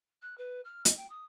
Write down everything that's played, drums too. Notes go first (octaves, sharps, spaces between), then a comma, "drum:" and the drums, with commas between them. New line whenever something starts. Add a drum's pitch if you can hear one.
F#6
B4
F6
D#5, drum: hi-hat
G5
D#6